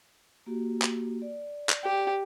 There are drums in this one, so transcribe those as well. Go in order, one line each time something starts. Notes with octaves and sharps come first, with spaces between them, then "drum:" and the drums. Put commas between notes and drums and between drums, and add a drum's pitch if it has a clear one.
A#3 F#4 G4
drum: clap
D5
drum: clap
G4